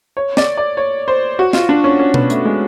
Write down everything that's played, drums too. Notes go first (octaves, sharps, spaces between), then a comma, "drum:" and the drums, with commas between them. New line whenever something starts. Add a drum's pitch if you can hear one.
C#5
D5, drum: snare
D5
C#5
C5
F#4
F4, drum: snare
D4
C#4
C#4
B3, drum: tom B2
A3, drum: hi-hat
G#3